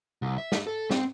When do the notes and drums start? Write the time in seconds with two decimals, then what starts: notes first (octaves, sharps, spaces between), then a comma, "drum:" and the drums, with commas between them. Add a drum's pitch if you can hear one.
0.22 C2
0.38 E5
0.52 drum: snare
0.67 A4
0.90 C4, drum: snare